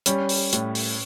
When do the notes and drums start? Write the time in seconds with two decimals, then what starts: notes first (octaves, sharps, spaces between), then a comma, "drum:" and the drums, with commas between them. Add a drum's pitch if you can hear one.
0.06 G3 C#4, drum: hi-hat
0.29 drum: open hi-hat
0.53 A2, drum: hi-hat
0.75 drum: open hi-hat